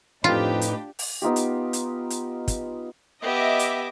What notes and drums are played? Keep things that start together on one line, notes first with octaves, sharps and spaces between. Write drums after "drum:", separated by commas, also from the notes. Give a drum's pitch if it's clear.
F2 A2 D4 D#4 F4 G4 B4
drum: hi-hat
drum: open hi-hat
B3 D#4 F4 G4
drum: hi-hat
drum: hi-hat
drum: hi-hat
drum: kick, hi-hat
B3 G4 D#5 E5 D6
drum: hi-hat